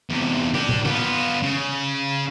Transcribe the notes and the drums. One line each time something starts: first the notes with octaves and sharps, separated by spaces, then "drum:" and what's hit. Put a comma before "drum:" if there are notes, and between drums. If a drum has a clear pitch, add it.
E2 C3
D4 G4, drum: snare
drum: tom A2
B3 F4, drum: snare
C#3